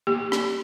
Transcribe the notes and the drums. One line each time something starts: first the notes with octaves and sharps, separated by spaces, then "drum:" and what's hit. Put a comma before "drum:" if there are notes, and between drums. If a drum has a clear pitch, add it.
A#3 G4
drum: rim click